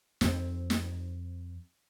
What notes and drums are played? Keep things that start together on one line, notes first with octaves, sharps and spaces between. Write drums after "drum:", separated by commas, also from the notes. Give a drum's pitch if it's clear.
F2 C4, drum: snare
drum: snare